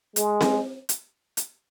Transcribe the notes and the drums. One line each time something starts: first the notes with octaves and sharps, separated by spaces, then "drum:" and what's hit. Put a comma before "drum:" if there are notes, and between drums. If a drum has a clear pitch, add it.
G#3, drum: hi-hat
drum: snare C4
drum: hi-hat
drum: hi-hat